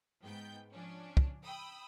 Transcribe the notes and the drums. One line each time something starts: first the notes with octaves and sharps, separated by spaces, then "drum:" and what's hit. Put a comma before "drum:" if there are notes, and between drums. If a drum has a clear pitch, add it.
G#2 B3 G5 G6
F3 C#4 D4
drum: kick
G5 B5 D#6 E6